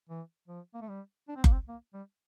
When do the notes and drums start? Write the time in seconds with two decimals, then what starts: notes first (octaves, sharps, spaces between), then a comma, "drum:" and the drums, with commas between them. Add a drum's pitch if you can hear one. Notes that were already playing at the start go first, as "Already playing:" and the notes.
0.09 E3
0.48 F3
0.74 A#3
0.82 A3
0.89 G3
1.28 D4
1.36 C4
1.44 A#3, drum: kick F#1
1.52 C4
1.68 A#3
1.94 G3